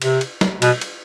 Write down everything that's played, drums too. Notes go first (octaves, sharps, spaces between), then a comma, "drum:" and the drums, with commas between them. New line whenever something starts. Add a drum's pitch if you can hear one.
C3, drum: cymbal
drum: cymbal
drum: snare
B2, drum: cymbal
drum: cymbal